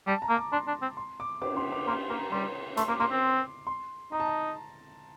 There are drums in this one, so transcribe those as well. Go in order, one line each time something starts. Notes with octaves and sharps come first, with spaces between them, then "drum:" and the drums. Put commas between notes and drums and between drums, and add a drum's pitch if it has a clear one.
G3 A5
A#5
A#3
D6
D4 C6
D4
C4
C6
D6
D6, drum: cymbal
C6
D6
A#3 C6
A#3 A#5
G3 C6
A3 C6, drum: hi-hat
A#3 D6
A#3 C6
C4
C6
D#4 A#5
A5
A#5